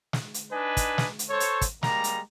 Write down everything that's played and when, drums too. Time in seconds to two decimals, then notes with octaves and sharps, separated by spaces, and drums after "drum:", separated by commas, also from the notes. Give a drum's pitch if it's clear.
0.13 drum: snare
0.34 drum: hi-hat
0.52 D4 D#4 B4 D#5 G#5
0.77 drum: kick, hi-hat
0.98 drum: snare
1.19 drum: hi-hat
1.29 A4 C5 C#5
1.40 drum: hi-hat
1.61 drum: kick, hi-hat
1.83 G3 G#3 A#3 A#5, drum: snare
2.04 drum: hi-hat